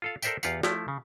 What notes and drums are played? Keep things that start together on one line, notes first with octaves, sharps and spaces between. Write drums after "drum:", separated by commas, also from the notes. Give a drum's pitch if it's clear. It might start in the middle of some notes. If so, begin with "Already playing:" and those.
F4 A4 F5
A4 A#4 C5 D5 E5 G5, drum: tambourine
E2 F4 G4 F5 F#5, drum: tambourine
F3 A3 E4, drum: snare
C#3